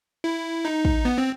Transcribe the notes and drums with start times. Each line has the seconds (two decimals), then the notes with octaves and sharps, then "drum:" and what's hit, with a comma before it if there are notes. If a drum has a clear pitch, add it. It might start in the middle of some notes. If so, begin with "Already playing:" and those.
0.24 E4
0.65 D#4
0.85 drum: kick
1.05 B3
1.18 C4